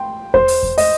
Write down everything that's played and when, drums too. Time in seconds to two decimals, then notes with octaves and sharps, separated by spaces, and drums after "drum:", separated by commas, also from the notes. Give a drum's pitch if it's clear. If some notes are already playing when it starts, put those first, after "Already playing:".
Already playing: G5 C6
0.34 C5, drum: kick E2
0.48 drum: open hi-hat
0.63 drum: kick E2
0.78 D#5, drum: open hi-hat